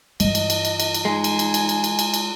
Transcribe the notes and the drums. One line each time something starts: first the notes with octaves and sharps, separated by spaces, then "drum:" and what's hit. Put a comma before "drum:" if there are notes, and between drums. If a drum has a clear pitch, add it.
G2 E3 D#5, drum: cymbal
drum: cymbal
drum: cymbal
drum: cymbal
drum: cymbal
drum: cymbal
G#3 D#4 G#5
drum: cymbal
drum: cymbal
drum: cymbal
drum: cymbal
drum: cymbal
drum: cymbal
drum: cymbal